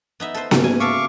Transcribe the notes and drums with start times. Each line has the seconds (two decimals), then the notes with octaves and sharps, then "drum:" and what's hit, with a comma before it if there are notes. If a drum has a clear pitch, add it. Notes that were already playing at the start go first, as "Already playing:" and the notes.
0.20 B3 D#4 E5
0.34 A4 B4 C5
0.51 G#2 C#3 G3 A#3 F#4, drum: snare B3
0.64 G#5
0.80 A4 E5 F5 C#6 D6
0.93 C6